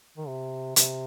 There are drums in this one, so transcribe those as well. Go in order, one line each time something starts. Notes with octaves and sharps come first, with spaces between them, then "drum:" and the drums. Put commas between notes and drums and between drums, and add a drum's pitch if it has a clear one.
D#3
C3
C3, drum: hi-hat